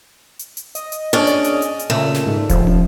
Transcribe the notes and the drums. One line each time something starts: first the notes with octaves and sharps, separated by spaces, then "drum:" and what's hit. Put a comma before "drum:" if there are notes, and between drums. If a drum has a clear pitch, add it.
drum: hi-hat
drum: hi-hat
D#5, drum: hi-hat
drum: hi-hat
C#4 D4 G#4 D5
drum: hi-hat
drum: hi-hat
drum: hi-hat
drum: hi-hat
A#2 C#3 A3
drum: snare
G#2
F1 F3, drum: kick D#1, hi-hat
drum: tom